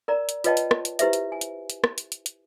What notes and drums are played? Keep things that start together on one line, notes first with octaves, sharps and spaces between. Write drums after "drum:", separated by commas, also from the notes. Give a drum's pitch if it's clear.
A#4 D5 A#5
drum: hi-hat
F4 B4 C#5 D#5 G5 A5, drum: hi-hat
drum: hi-hat
drum: rim click
drum: hi-hat
E4 G4 B4 C5 E5, drum: hi-hat
drum: hi-hat
G#5
drum: hi-hat
drum: hi-hat
drum: rim click
drum: hi-hat
drum: hi-hat
drum: hi-hat